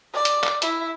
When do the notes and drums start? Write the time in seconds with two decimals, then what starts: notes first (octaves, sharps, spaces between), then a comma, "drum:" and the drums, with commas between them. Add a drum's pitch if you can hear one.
0.14 D5
0.25 drum: hi-hat
0.44 drum: clap
0.62 E4, drum: hi-hat